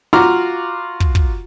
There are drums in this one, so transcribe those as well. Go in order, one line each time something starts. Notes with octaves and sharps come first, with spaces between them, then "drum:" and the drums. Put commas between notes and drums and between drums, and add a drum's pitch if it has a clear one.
F4 F#4 A#5 D6 F6
drum: kick
drum: kick